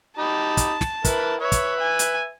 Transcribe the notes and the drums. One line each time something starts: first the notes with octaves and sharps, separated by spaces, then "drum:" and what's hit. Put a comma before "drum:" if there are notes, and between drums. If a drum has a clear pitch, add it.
D#4 G4 A5 B5
drum: kick, hi-hat
drum: snare
E4 A#4 B4, drum: kick, hi-hat
B4 C#5 E5
drum: kick, hi-hat
G#5
drum: hi-hat